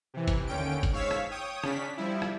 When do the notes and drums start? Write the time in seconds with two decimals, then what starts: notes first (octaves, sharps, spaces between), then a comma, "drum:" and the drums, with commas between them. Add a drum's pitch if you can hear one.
0.14 C3 E3
0.28 drum: kick G1, hi-hat
0.47 D#2 D3 C#4 G5 D7
0.83 drum: kick G1, hi-hat
0.92 G#2 C#5 F5 E6 B6
1.11 drum: rim click
1.31 C#5 G5 D#6
1.64 C#3 C#4 D4 B6, drum: rim click
1.97 F3 G3 E4
2.22 drum: rim click